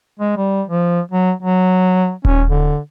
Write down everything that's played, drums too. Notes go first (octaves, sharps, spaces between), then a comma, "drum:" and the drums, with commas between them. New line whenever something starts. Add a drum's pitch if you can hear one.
G#3
G3
F3
F#3
F#3
C#4, drum: kick D#1
D3